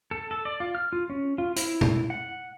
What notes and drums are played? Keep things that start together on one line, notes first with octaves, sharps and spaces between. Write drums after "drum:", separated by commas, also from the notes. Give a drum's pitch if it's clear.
A4
A4
D5
F4
F6
F4
C#4
F4
E4, drum: hi-hat
drum: tom B2
F#5